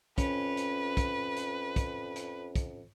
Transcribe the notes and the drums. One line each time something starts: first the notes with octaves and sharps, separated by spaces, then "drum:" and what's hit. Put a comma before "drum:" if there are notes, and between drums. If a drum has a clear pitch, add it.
F2 C#4 B4, drum: kick, hi-hat
drum: hi-hat
drum: kick, hi-hat
drum: hi-hat
drum: kick, hi-hat
drum: hi-hat
drum: kick, hi-hat